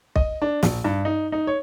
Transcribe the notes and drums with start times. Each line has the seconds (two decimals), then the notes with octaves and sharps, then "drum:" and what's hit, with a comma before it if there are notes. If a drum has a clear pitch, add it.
0.16 D#5, drum: kick B1
0.42 D4
0.63 A#1, drum: snare
0.84 G2
1.05 D#4
1.32 D#4
1.47 C#5